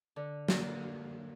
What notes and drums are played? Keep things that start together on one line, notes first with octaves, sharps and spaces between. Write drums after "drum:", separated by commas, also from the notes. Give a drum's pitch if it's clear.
D3
A#3, drum: snare